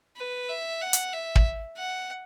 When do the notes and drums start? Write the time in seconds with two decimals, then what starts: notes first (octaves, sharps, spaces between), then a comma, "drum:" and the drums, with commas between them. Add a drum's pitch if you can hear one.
0.17 B4
0.49 E5
0.81 F#5
0.93 drum: hi-hat
1.13 E5
1.36 drum: kick
1.77 F#5